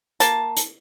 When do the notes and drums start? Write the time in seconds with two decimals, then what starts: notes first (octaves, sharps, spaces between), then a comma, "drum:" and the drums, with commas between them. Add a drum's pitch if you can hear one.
0.20 A#3 A5, drum: hi-hat
0.57 drum: hi-hat